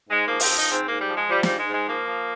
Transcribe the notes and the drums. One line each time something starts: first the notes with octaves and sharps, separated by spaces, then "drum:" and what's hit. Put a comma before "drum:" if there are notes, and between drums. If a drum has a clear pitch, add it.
G#2 G#3
F3 A#3
C4, drum: open hi-hat
F3 D#4
G#2 C4
G#2 A#3
G3
F3
G#3
F3 G3
G#2 G3, drum: snare
G#3
G#2 G#3
F3 A#3
F3